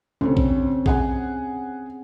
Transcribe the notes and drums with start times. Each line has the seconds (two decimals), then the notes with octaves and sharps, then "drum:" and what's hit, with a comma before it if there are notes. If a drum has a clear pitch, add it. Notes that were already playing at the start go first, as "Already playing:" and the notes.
0.21 D2 C4 C#4 A4
0.37 drum: kick A#1
0.86 G#4 F#5 G#5, drum: kick A#1